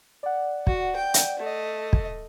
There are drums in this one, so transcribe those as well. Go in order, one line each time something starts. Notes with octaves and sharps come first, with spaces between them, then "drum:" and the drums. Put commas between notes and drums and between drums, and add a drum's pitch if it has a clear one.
D5 F#5
F#4, drum: kick
G5
drum: hi-hat
A3 D#5
drum: kick